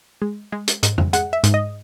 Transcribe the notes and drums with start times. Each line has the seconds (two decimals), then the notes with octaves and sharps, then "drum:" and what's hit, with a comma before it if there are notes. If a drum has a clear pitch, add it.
0.22 G#3
0.52 G#3
0.68 drum: hi-hat
0.83 G#2, drum: hi-hat
0.98 drum: tom F2
1.13 G#3 F#5, drum: hi-hat
1.33 E5
1.44 G#2, drum: hi-hat
1.54 D#5